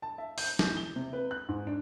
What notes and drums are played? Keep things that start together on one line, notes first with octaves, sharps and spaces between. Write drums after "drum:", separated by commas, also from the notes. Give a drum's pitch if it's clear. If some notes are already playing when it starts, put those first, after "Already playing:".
A5
E5
G6, drum: open hi-hat
E2, drum: snare
G7
C3
B4
F#6
G#2
D4